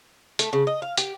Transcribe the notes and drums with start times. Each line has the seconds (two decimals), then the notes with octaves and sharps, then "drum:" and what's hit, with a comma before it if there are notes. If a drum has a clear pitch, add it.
0.39 A3, drum: hi-hat
0.53 C#3
0.67 D#5
0.82 F5
0.97 G4, drum: hi-hat